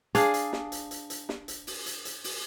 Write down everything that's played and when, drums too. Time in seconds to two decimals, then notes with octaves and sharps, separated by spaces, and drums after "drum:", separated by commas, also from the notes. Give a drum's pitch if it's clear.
0.15 D4 G#4 F5, drum: hi-hat
0.34 drum: hi-hat
0.53 drum: snare
0.72 drum: hi-hat
0.91 drum: hi-hat
1.10 drum: hi-hat
1.29 drum: snare
1.48 drum: hi-hat
1.67 drum: open hi-hat
1.86 drum: hi-hat
2.05 drum: hi-hat
2.24 drum: open hi-hat